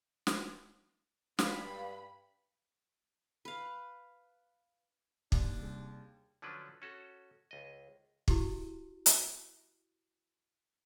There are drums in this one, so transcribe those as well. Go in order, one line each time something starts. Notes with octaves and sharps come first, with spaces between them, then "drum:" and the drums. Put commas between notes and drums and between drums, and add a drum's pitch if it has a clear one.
drum: snare
G2 F5 B5, drum: snare
B4 F5
D#2 D4, drum: kick
C3 G3 G#4
D3 F3 F#3 C#4 D4 B4
C#4 F#4 A4
C#2 D#5
E4 F#4 G4, drum: kick
drum: hi-hat